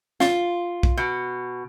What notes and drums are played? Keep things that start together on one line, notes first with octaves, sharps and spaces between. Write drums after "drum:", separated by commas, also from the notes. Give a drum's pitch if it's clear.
F4, drum: snare
drum: kick
B2